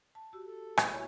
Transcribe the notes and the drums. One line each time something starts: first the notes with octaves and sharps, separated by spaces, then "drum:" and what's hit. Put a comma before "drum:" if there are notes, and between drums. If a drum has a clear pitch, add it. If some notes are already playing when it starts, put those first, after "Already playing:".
A5
F#4 G4 E6
A4
F3 G#3 A#3, drum: rim click
B2 E4 C#5